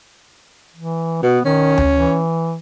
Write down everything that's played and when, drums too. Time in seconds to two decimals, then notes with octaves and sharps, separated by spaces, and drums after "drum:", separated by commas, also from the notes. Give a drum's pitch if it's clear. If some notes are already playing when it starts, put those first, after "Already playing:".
0.76 E3
1.23 B2 B3
1.45 D#3 C#4
1.78 drum: tom D2
1.92 E3